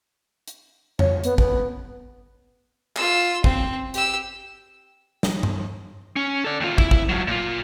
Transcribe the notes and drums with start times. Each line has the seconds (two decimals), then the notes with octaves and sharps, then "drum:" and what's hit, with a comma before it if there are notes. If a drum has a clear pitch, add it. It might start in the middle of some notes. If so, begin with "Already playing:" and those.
0.48 drum: hi-hat
0.99 C#5, drum: tom F2
1.24 B3, drum: hi-hat
1.38 B3, drum: kick
2.96 F4 E6, drum: clap
3.44 C4, drum: kick
3.94 G4 E6, drum: hi-hat
5.23 drum: snare
5.43 drum: tom G2
6.16 C#4
6.44 A4 D5
6.60 D#2 F4
6.78 E4, drum: kick
6.91 drum: kick
7.09 F#3 F4
7.27 A#2 F4